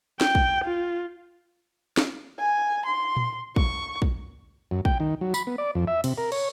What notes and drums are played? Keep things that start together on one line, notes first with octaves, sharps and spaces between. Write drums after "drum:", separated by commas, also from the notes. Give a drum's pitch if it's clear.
G5, drum: snare
drum: kick
F4
drum: snare
G#5
C6
drum: tom A#2
C#6, drum: kick
drum: kick
F#2
G5, drum: kick
D#3
F#3
B5, drum: tambourine
B3
D5
F2
E5
C3, drum: cymbal
A#4
C#5, drum: cymbal